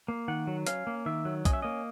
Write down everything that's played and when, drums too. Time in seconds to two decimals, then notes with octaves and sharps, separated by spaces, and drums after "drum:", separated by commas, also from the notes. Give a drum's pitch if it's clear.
0.08 A#3
0.28 D#3 F#5
0.47 F#3
0.66 C#4 F5, drum: hi-hat
0.87 A#3
1.06 D#3 E5
1.25 F#3
1.45 C#4 D#5, drum: kick, hi-hat
1.53 E5
1.62 A#3 D#5